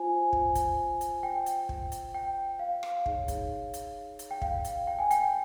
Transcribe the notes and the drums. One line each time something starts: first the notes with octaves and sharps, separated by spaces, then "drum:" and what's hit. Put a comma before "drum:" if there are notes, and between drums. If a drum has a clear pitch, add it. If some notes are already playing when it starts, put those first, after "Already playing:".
Already playing: F4 C5 G#5
drum: kick
drum: kick, hi-hat
drum: hi-hat
G5
drum: hi-hat
drum: kick
drum: hi-hat
G5
F5
drum: rim click
D#4 G#4 C#5, drum: kick
drum: kick, hi-hat
drum: hi-hat
drum: hi-hat
G5
F5, drum: kick
drum: hi-hat
G5
G#5
G5, drum: hi-hat